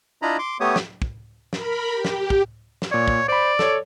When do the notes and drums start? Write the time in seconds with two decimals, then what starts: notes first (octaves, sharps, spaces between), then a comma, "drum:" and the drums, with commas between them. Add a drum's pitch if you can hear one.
0.22 D4 E4 F4 D#5 A#5 B5
0.39 C6 D6
0.60 A3 B3 G4 C#5 D#6
0.76 drum: snare
1.02 drum: kick
1.53 A#4 B5, drum: snare
1.91 G4
2.05 drum: snare
2.30 drum: kick
2.82 drum: snare
2.91 A#2 C#5 D5
3.08 drum: kick
3.28 C5 D5 B5
3.59 A4 C#5, drum: snare